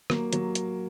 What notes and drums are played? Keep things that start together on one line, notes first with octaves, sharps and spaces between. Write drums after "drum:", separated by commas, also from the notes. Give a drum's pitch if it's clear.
F#3 A#3, drum: rim click
F#3, drum: hi-hat
drum: hi-hat